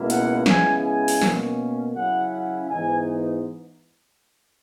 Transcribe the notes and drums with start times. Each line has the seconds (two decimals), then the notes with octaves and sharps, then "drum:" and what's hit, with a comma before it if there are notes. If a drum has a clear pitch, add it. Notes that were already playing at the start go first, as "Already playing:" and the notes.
Already playing: C#2 B2 A#3 E4
0.10 F#5, drum: hi-hat
0.46 C#3 G#3 B3 E4 G#5, drum: snare
0.84 G#5
1.08 drum: open hi-hat
1.22 B2 A#3 C#4, drum: snare
1.95 C#3 F#3 C#4 E4 F#5
2.33 F#5
2.70 G#2 E3 B3 D#4 G#5